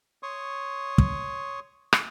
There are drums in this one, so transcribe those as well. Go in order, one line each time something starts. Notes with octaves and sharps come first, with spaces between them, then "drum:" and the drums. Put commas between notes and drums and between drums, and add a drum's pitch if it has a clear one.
C#5 C6 C#6 D#6
drum: kick
drum: rim click